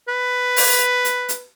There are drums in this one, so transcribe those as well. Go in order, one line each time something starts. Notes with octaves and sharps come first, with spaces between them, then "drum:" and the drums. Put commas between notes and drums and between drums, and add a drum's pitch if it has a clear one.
B4
drum: open hi-hat
drum: hi-hat
drum: hi-hat